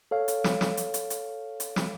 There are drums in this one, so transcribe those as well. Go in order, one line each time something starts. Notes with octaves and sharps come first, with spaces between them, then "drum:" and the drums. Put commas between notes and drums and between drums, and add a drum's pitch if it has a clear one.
A4 C#5 F5
drum: hi-hat
drum: snare
drum: snare
drum: hi-hat
drum: hi-hat
drum: hi-hat
drum: hi-hat
drum: snare